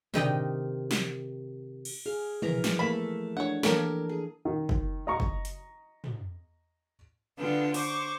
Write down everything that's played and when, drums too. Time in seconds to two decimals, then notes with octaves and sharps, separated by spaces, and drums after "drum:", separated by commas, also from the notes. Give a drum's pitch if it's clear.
0.14 C3 D#3 D#5 G5, drum: tom
0.91 drum: snare
1.85 drum: cymbal
2.06 G#4 F5
2.42 E3 F3 B3 A#4 A#5, drum: tom
2.64 drum: snare
2.79 A3 A#3 E5 B5
3.37 D4 C#5 F#5
3.63 E3 A#3 G4 A4 A#4 C#5, drum: snare
4.09 G#4
4.45 D#3
4.69 drum: kick
5.07 D#5 A#5 C#6
5.20 drum: kick
5.45 drum: hi-hat
6.04 drum: tom
7.38 D3 B3 F4 G5
7.74 C5 C#6 D6, drum: open hi-hat